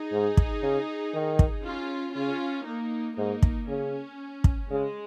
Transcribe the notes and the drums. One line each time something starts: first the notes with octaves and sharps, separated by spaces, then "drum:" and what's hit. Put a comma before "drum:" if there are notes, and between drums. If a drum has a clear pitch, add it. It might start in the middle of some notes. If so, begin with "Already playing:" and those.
Already playing: D#4 G#4
G#2
drum: kick
C#3
D#3
drum: kick
C#4 F4
C#3 C#4 F4
A#3 D#4
G#2 A#3 D#4
drum: kick
C#3 C#4
drum: kick
C#3 G#3